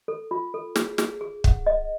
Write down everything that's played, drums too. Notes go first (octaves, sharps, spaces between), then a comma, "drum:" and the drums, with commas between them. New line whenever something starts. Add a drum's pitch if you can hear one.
A4
F4
A4
G#4, drum: snare
G#4, drum: snare
G#4
F#5, drum: kick
D#5